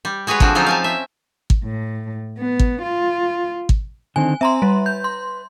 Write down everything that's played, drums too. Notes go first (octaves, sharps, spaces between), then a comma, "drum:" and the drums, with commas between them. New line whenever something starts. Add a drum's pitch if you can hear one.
G3
G#3 F#4 G#4 B4 C#5
D3 F3 C4 F#4, drum: kick
F3 F#3 C4 C#4 D#4 F4
F5 G#5 A5
E5
drum: kick
A2
B3
drum: kick
F4
drum: kick
D3 D#3 C4 G#5
C4 E5 A#5 C6
G3 B4
G6
C6